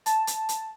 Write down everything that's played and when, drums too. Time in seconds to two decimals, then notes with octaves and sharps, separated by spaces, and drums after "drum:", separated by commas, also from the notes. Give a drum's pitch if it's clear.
0.06 A5, drum: hi-hat
0.27 drum: hi-hat
0.49 drum: hi-hat